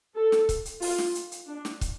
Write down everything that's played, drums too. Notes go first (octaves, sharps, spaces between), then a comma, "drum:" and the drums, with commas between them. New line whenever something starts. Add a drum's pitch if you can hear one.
A4
drum: snare
drum: kick, hi-hat
drum: hi-hat
F4, drum: open hi-hat
drum: snare
drum: hi-hat
drum: hi-hat
D4
drum: snare
drum: kick, hi-hat